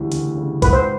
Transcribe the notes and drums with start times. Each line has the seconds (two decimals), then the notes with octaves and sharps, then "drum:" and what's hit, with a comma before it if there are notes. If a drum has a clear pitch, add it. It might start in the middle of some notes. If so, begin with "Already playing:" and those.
Already playing: D2 C#3 E3 G3
0.12 D2, drum: hi-hat
0.37 C#3 E3 G3
0.62 G#2 B4, drum: kick C2, hi-hat
0.73 C5